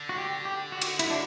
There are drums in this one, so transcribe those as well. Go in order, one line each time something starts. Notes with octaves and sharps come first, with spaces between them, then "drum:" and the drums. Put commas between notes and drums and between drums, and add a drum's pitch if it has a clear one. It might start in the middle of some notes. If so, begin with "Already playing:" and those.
Already playing: D3
F#4
G4
G4
F#4
drum: cymbal
E4, drum: cymbal
D4